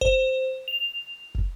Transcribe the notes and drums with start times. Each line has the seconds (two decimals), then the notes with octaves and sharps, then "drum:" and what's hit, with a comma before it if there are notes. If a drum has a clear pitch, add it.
0.01 C5, drum: kick
0.68 F7
1.35 drum: kick